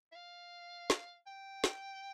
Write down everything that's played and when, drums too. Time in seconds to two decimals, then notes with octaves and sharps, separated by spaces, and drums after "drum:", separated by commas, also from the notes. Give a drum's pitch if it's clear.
0.12 E5
0.16 F5
0.90 drum: snare
1.27 G5
1.64 drum: snare